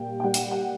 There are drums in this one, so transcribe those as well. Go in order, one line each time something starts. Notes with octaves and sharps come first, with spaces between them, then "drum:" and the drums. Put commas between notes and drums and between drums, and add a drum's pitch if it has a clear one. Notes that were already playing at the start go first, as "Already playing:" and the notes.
Already playing: A#2 G3 G5
G5
G3 F#5
drum: hi-hat
F#5